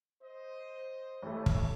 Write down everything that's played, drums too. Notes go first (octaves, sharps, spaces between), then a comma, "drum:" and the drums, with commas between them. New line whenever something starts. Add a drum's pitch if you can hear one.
C5 D#5
A1 A3
drum: kick